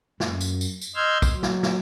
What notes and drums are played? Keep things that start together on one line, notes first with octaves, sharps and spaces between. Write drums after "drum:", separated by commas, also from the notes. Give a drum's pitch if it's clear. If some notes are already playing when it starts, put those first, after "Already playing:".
F#2, drum: snare
drum: tambourine
drum: tambourine
drum: tambourine
D#5 C6 E6 F6 G6 G#6
drum: kick A#1, tambourine
F#3
drum: snare
drum: snare